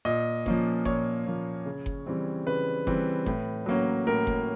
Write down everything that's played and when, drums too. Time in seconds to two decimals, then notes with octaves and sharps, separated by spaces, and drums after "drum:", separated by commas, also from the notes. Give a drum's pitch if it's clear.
0.05 A#2 D#5
0.46 F3 A#3 C#4, drum: kick F#1
0.85 A#2 C#5, drum: kick F#1
1.26 F3 A#3 C#4
1.65 C#3
1.86 drum: kick F#1
2.07 E3 G3 C4
2.46 C#3 B4
2.87 E3 G3 C4, drum: kick F#1
3.26 A2, drum: kick F#1
3.66 F#3 A#3 C#4
4.07 A2 A#4
4.27 drum: kick F#1